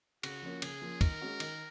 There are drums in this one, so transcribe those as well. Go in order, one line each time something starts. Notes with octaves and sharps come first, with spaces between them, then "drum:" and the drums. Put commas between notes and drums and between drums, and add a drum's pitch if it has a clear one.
C#3 F#4, drum: cymbal
F3 A#3 C#4
C#3 G#4, drum: cymbal
F3 A#3 C#4
D#3 A#4, drum: kick C#2, cymbal
G#3 C#4 F#4
D#3, drum: cymbal